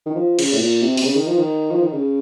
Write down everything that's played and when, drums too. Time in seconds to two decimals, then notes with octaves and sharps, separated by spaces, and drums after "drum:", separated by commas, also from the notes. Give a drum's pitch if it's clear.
0.06 D#3
0.16 F3
0.39 C#3, drum: cymbal
0.53 A2
0.60 A#2
0.82 C3
0.97 C3, drum: open hi-hat
1.04 C#3
1.16 D#3
1.27 F3
1.38 D#3
1.71 F3
1.82 D#3
1.93 C#3